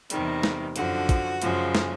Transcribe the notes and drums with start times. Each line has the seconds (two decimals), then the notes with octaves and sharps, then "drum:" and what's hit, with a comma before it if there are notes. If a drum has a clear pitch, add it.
0.10 E2 C3 D#3 G3, drum: hi-hat
0.43 drum: snare
0.76 F#2 D3 F3 F#4, drum: hi-hat
1.09 drum: kick, hi-hat
1.42 F#2 C#3 F3 G#3, drum: hi-hat
1.75 drum: snare